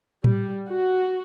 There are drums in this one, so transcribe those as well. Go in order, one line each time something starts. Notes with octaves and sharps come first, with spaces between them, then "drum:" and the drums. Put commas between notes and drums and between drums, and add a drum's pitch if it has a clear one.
G3, drum: tom A2
F#4